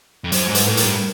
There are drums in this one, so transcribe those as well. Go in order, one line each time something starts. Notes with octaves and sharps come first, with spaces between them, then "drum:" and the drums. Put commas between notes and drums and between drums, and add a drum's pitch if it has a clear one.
F2
F#2 C5, drum: hi-hat
G#2
B4, drum: hi-hat
A2 A4
A#4, drum: hi-hat
G2